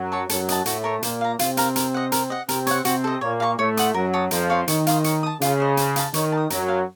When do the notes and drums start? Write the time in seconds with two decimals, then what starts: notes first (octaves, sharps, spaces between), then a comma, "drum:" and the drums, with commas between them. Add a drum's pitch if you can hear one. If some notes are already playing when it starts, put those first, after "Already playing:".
Already playing: F#2 F#3
0.12 C#5 A5 C#6
0.29 F#2 F#3 A4, drum: hi-hat
0.48 D#5 F#5 A5, drum: hi-hat
0.66 A2 A3 F#4, drum: hi-hat
0.84 A#4 C#5
1.03 A#2 A#3 C5, drum: hi-hat
1.21 F5 A#5
1.39 C3 C4 F4, drum: hi-hat
1.57 A#4 F5 A#5, drum: hi-hat
1.76 A#4, drum: hi-hat
1.94 D#5 F#5
2.12 A#4, drum: hi-hat
2.30 D#5 F#5
2.49 C3 C4 A#4, drum: hi-hat
2.67 C#5 F#5, drum: hi-hat
2.85 C3 C4 F#4, drum: hi-hat
3.04 A4 D#5
3.21 A#2 A#3 C#5
3.40 F5 A#5 C#6
3.58 A2 A3 C#5
3.77 F#5 C6 D#6, drum: hi-hat
3.94 F#2 F#3 A#4
4.14 C#5 A5 D#6
4.31 F2 F3 A#4, drum: hi-hat
4.50 C#5 F5 C6
4.68 D#3 C#5, drum: hi-hat
4.87 F5 C6 D#6, drum: hi-hat
5.04 C#5, drum: hi-hat
5.23 A5 D#6
5.41 C#3 F4, drum: hi-hat
5.60 C5 D#5
5.77 C5, drum: hi-hat
5.96 F5 A5, drum: hi-hat
6.14 D#3 C#5, drum: hi-hat
6.32 A5
6.37 D#6
6.50 F#2 F#3 A#4, drum: hi-hat
6.68 F5 C6